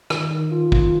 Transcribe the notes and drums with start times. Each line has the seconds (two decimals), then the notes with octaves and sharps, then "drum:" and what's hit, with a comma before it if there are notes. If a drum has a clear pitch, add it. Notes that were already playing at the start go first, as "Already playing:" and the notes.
0.10 D#3, drum: rim click
0.31 D#3
0.51 F4
0.72 F4, drum: kick